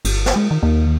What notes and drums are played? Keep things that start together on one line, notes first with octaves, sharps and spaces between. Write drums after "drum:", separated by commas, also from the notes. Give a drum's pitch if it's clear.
G1, drum: cymbal
drum: snare
G#3
D#3
D#2 D#3